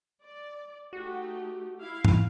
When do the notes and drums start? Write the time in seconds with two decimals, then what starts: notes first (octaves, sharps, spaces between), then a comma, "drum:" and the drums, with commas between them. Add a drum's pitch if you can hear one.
0.23 D5
0.93 A3 D#4 F#4 G4
1.79 E4 F5
2.05 drum: tom